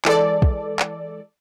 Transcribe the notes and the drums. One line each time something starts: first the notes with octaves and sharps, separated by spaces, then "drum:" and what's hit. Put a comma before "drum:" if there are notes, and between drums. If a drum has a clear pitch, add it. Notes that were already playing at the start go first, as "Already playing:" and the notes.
E3 G#3 A4 D5, drum: clap
drum: kick
drum: clap